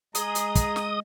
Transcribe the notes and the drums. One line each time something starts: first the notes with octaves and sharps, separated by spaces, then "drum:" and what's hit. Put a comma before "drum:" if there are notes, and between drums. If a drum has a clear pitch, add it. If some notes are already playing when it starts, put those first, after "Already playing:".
G#3 G#4 D#5 A#5 D#6, drum: hi-hat
drum: hi-hat
drum: kick, hi-hat
drum: snare